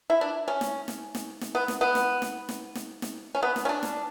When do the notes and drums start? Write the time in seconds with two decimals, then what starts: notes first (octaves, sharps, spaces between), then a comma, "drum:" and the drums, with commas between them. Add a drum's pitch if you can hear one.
0.10 E4
0.21 D4
0.48 C#4
0.61 drum: snare
0.88 drum: snare
1.15 drum: snare
1.41 drum: snare
1.55 B3
1.68 drum: snare
1.81 B3
1.95 drum: snare
2.22 drum: snare
2.49 drum: snare
2.75 drum: snare
3.02 drum: snare
3.35 C#4
3.43 B3
3.56 drum: snare
3.65 C#4
3.69 D4
3.83 drum: snare